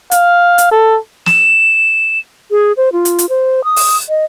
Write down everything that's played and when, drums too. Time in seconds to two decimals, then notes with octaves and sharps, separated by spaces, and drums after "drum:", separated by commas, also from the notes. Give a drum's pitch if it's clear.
0.11 F5, drum: hi-hat
0.58 drum: hi-hat
0.71 A4
1.26 E7, drum: snare
2.51 G#4
2.77 C5
2.93 F4
3.05 drum: hi-hat
3.19 drum: hi-hat
3.29 C5
3.64 D#6
3.76 drum: open hi-hat
4.09 D#5